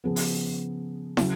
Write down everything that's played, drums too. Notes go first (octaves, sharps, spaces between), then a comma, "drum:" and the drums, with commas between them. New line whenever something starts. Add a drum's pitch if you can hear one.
C#3 F3 B3 G#4
drum: open hi-hat
C#3 F#3, drum: snare